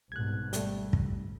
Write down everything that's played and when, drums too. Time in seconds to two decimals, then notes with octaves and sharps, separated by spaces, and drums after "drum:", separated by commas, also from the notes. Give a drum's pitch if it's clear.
0.12 C2 G#2 B2 F#6 G#6
0.53 G#1 G3 A3, drum: hi-hat
0.93 drum: kick